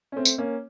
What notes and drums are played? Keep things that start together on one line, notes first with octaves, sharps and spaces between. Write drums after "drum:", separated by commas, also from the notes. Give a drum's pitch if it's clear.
C#4
A3 C4
drum: tambourine
A#3 C#4